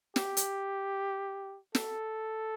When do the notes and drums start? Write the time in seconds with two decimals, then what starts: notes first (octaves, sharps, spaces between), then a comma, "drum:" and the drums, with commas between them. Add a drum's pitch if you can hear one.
0.16 G4, drum: snare
0.37 drum: hi-hat
1.75 A4, drum: snare